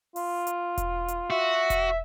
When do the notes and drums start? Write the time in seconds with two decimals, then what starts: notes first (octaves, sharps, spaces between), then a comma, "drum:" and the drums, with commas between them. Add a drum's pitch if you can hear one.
0.16 F4, drum: open hi-hat
0.47 drum: hi-hat
0.78 drum: kick E1, hi-hat
1.08 drum: hi-hat
1.30 F#4 E5
1.70 drum: kick E1, hi-hat